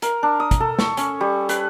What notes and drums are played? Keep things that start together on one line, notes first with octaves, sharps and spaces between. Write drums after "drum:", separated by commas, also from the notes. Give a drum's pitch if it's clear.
A#4, drum: hi-hat
D4
D#6
drum: kick, hi-hat
A4
C#6, drum: snare
C#4, drum: hi-hat
G3
B4, drum: hi-hat